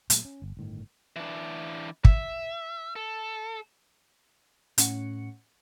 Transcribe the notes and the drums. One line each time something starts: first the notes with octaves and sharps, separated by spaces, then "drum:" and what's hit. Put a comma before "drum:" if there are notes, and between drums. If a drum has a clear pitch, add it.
A#2 F#3 A3, drum: hi-hat
C#4
G1
G1 A2 D#3
E3 D4
E5, drum: kick
A4
A2 C#4 F#5 C#7, drum: hi-hat